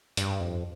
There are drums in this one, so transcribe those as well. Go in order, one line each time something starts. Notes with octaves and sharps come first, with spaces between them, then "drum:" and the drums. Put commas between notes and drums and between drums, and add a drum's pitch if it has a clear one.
G2, drum: hi-hat
F2